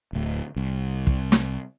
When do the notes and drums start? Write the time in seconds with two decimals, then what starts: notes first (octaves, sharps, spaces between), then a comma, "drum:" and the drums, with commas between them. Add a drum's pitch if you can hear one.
0.13 D1 D2
0.56 C2
1.07 drum: kick
1.32 drum: snare